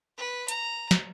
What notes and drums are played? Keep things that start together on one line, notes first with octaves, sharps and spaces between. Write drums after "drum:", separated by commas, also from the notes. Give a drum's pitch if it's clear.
B4
A#5, drum: hi-hat
drum: snare